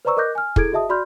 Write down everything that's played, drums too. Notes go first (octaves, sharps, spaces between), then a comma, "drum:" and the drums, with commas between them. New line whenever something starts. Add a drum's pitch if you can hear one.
B4 C5 D5 A#5 C#6 E6
A#4 D#5 D6 F#6 G6 A#6
G#5 F6
E4 G#4 A4 G#6 D7, drum: kick
F#4 G#4 D#5 E5 A5 D#6
F#4 D5 B5 C6 F6 G6